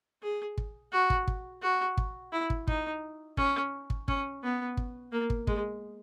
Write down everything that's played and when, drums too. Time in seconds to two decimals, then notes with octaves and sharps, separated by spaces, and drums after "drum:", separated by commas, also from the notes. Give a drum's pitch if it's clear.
0.22 G#4
0.58 drum: kick
0.92 F#4
1.10 drum: kick
1.27 drum: kick
1.62 F#4
1.97 drum: kick
2.32 E4
2.50 drum: kick
2.67 D#4, drum: kick
3.37 C#4, drum: kick
3.90 drum: kick
4.08 C#4, drum: kick
4.43 B3
4.77 drum: kick
5.12 A#3
5.30 drum: kick
5.47 G#3, drum: kick